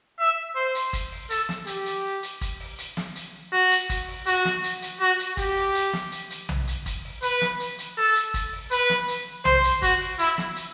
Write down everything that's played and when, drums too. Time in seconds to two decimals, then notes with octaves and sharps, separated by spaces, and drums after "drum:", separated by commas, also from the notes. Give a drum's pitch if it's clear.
0.19 E5
0.56 C5
0.75 drum: hi-hat
0.93 drum: kick, hi-hat
1.12 drum: open hi-hat
1.30 A4, drum: hi-hat
1.49 drum: snare
1.67 G4, drum: hi-hat
1.86 drum: hi-hat
2.23 drum: hi-hat
2.41 drum: kick, hi-hat
2.60 drum: open hi-hat
2.78 drum: hi-hat
2.97 drum: snare
3.15 drum: hi-hat
3.53 F#4
3.71 drum: hi-hat
3.89 drum: kick, hi-hat
4.08 drum: open hi-hat
4.26 F#4, drum: hi-hat
4.45 drum: snare
4.64 drum: hi-hat
4.82 drum: hi-hat
5.00 F#4
5.19 drum: hi-hat
5.37 G4, drum: kick, hi-hat
5.56 drum: open hi-hat
5.75 drum: hi-hat
5.93 drum: snare
6.12 drum: hi-hat
6.30 drum: hi-hat
6.49 drum: tom B1
6.67 drum: hi-hat
6.86 drum: kick, hi-hat
7.04 drum: open hi-hat
7.22 B4, drum: hi-hat
7.41 drum: snare
7.60 drum: hi-hat
7.78 drum: hi-hat
7.97 A4
8.15 drum: hi-hat
8.34 drum: kick, hi-hat
8.53 drum: open hi-hat
8.71 B4, drum: hi-hat
8.90 drum: snare
9.08 drum: hi-hat
9.45 C5, drum: tom B1
9.64 drum: hi-hat
9.82 F#4, drum: kick, hi-hat
10.01 drum: open hi-hat
10.19 E4, drum: hi-hat
10.38 drum: snare
10.56 drum: hi-hat